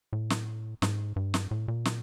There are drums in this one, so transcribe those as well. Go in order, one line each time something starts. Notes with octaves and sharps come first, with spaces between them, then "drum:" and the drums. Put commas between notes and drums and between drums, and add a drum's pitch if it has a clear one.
A2
drum: snare
G#2, drum: snare
G2
drum: snare
A2
A#2
drum: snare